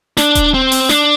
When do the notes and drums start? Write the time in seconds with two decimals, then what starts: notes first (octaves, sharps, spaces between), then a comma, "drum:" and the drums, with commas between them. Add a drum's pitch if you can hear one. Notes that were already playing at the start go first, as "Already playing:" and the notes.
0.17 D4, drum: snare
0.35 drum: kick D#1, hi-hat
0.54 C4
0.72 drum: open hi-hat
0.89 D4, drum: snare